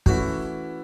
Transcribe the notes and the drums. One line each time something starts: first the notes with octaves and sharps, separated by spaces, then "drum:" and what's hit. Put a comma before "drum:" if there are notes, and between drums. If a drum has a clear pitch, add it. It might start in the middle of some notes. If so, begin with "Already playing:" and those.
E3 A3 C#4 E4 F#4, drum: kick